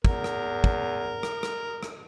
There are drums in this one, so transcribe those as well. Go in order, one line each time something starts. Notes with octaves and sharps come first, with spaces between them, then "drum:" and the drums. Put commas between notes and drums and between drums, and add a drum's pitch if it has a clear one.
E2 A#4, drum: kick
drum: rim click
drum: kick
drum: rim click
drum: rim click
drum: rim click